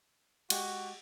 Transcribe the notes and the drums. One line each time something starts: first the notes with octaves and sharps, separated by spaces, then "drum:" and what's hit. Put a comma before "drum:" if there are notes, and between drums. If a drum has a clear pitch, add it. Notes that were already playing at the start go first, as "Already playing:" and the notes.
G#3 F#4 G4, drum: cymbal